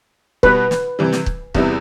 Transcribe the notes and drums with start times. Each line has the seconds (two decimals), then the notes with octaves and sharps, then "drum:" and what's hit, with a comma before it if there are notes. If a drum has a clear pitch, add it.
0.43 B2 G3 B3 B4, drum: kick
0.71 drum: snare
0.99 C3 E3 G3
1.12 drum: snare
1.26 drum: kick
1.55 E2 C3 G3 B3 E4, drum: kick